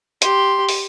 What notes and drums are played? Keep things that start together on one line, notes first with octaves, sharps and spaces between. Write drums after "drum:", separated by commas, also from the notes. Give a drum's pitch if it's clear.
G4 C6, drum: hi-hat
drum: open hi-hat